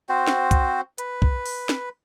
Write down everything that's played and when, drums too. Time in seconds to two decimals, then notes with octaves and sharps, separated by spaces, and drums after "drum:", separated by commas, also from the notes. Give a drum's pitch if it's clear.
0.09 C4 F#4 C5
0.27 drum: snare
0.51 drum: kick, hi-hat
0.98 B4, drum: hi-hat
1.22 drum: kick
1.46 drum: open hi-hat
1.69 drum: snare